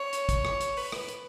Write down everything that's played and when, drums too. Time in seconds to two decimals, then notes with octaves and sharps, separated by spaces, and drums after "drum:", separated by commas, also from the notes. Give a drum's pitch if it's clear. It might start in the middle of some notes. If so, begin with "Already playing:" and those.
Already playing: C#5
0.13 drum: hi-hat
0.29 drum: kick, hi-hat
0.45 drum: rim click
0.61 drum: hi-hat
0.77 B4, drum: open hi-hat
0.92 drum: rim click
1.08 drum: hi-hat